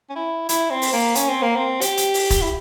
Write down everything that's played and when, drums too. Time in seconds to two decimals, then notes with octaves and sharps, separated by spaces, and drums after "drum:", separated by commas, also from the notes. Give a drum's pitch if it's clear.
0.09 C#4
0.15 E4
0.49 E4, drum: hi-hat
0.70 C4
0.82 drum: open hi-hat
0.93 A#3
1.15 C#4, drum: hi-hat
1.28 C4
1.42 A#3
1.56 C4
1.81 G4, drum: hi-hat
1.97 drum: hi-hat
2.14 drum: open hi-hat
2.30 drum: kick, hi-hat
2.42 E4